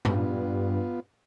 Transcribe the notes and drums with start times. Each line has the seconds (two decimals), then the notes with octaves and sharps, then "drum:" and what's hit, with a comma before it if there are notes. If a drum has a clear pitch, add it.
0.05 G2 B3 F4, drum: tom A2